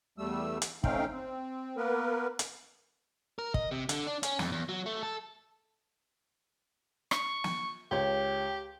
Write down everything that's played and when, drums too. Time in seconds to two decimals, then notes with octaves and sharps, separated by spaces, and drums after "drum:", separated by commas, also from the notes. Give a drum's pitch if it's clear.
0.18 E2 G3 A3 E6
0.62 drum: hi-hat
0.84 A3 C4 C#4 D#4 F5 G5, drum: kick
1.12 C4
1.77 A#3 B3 A#4 B4
2.39 drum: hi-hat
3.39 A#4
3.54 D#5, drum: kick
3.71 C3
3.89 D3, drum: hi-hat
4.07 D4
4.23 C#4, drum: hi-hat
4.39 F2, drum: snare
4.52 E2
4.69 F#3
4.86 A3
5.03 A4
7.11 C#6, drum: rim click
7.44 drum: snare
7.91 C#2 G4 C#5